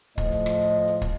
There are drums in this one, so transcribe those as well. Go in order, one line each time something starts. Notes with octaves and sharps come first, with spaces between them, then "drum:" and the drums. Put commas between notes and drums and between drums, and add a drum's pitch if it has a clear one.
A2 F3 D#5, drum: kick
drum: hi-hat
drum: rim click
drum: hi-hat
drum: hi-hat
drum: kick